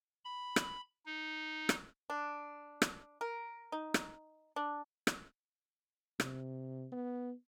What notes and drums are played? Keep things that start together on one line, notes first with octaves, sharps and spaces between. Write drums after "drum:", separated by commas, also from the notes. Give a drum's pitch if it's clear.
B5
drum: rim click
D#4
drum: rim click
D4
drum: rim click
A#4
D#4
drum: rim click
D4
drum: rim click
C3, drum: rim click
B3